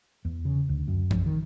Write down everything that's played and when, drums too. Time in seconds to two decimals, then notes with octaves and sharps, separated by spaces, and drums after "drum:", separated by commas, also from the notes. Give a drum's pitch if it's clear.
0.25 E2
0.45 C#3
0.69 D2
0.88 F#2
1.11 F3, drum: tom F2
1.26 D#3